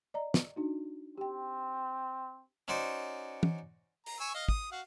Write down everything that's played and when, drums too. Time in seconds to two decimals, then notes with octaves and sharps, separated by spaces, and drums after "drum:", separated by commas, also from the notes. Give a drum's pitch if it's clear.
0.14 D5 D#5 A#5
0.34 drum: snare
0.56 D4 D#4 F#4
1.18 C4 G4 G5
2.68 C#4 D#4 F#4 C5 D5
3.43 drum: tom
4.06 A#5, drum: open hi-hat
4.20 G#5 C#6 E6
4.34 D#5 F5
4.48 D#6, drum: kick
4.72 F#4 F5 F#5